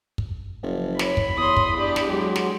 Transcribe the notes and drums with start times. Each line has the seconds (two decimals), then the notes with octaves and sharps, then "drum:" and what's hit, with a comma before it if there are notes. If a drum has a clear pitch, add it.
0.18 drum: kick
0.63 F#1 F3
0.99 C#5 B5, drum: snare
1.17 drum: kick
1.37 E2 C#5 C6 D#6
1.56 drum: kick
1.78 D4 G4 D5
1.96 drum: snare
2.08 F#3 G#3
2.36 drum: snare